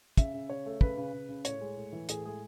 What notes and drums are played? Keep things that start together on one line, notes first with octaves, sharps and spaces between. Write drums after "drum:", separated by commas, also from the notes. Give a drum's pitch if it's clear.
C#3 E5, drum: kick, hi-hat
C#3
C#3 C#5
A3
C#3 B4, drum: kick
C#3
C#3
C#3
A2 C#5, drum: hi-hat
G#3
A2
E3
A2 G#4, drum: hi-hat
G#3 G#4